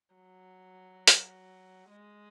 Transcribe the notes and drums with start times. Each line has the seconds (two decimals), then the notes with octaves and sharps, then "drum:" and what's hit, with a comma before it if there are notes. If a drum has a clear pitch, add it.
0.15 F#3
1.07 drum: hi-hat
1.90 G#3